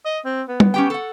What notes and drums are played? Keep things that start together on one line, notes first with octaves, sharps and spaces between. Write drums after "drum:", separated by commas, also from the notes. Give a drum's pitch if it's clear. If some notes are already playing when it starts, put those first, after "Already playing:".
D#5
C4
B3
drum: tom
C#4 G4 G5
A4 F#5